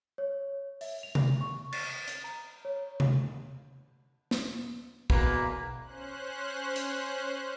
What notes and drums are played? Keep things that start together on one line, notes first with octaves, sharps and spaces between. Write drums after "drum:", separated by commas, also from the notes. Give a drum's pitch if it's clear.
C#5
E5, drum: open hi-hat
F7
drum: tom C3
C#6
A6, drum: cymbal
drum: hi-hat
A#5
C#5
drum: tom C3
drum: snare
E2 B2 A#3 B4, drum: kick
C#4 C5 F#6
drum: hi-hat